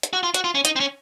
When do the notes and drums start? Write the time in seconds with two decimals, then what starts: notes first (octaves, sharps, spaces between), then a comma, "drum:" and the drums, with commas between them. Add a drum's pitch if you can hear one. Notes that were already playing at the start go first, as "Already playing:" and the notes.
0.03 drum: hi-hat
0.13 F#4
0.23 F4
0.34 F#4, drum: hi-hat
0.44 F4
0.55 C#4
0.65 D#4, drum: hi-hat
0.76 C4
0.80 C#4